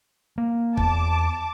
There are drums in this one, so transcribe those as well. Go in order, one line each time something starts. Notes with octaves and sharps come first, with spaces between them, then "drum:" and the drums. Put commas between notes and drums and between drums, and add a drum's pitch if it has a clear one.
A#3
E2 A5 D6, drum: kick